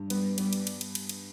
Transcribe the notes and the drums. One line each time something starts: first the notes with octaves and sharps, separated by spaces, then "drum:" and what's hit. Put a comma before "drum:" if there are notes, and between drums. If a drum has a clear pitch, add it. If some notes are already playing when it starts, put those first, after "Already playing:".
Already playing: G2
G3 B3, drum: cymbal
G3 B3, drum: cymbal
drum: cymbal
drum: cymbal
drum: cymbal
drum: cymbal
drum: cymbal